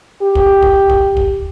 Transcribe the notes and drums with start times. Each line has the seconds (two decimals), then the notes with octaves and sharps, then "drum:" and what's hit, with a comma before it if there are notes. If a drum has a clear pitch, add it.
0.22 G4
0.35 drum: kick
0.62 drum: kick
0.90 drum: kick
1.17 drum: kick